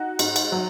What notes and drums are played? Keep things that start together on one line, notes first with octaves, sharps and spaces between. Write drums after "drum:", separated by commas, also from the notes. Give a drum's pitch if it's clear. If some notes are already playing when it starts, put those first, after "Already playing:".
Already playing: D#4 F#4
G#2, drum: cymbal
drum: cymbal
F#3